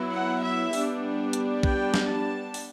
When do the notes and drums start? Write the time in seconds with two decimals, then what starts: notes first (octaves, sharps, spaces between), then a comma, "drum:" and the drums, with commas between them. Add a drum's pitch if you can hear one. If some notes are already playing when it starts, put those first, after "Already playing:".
Already playing: F#3 B3 E4
0.12 F#5
0.42 E5
0.73 G3 B3 D4, drum: open hi-hat
1.33 drum: hi-hat
1.63 G5, drum: kick B1
1.94 drum: snare
2.09 A5
2.54 drum: open hi-hat